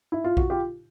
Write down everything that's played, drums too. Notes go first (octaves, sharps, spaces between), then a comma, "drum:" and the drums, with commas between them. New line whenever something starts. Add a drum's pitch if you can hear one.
E4
F4
F#4, drum: kick A#1
F4 G4